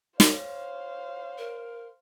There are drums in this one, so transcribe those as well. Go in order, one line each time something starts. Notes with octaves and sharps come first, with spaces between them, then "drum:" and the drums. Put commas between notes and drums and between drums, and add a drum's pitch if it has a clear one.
C5 C#5 F5, drum: snare
A#4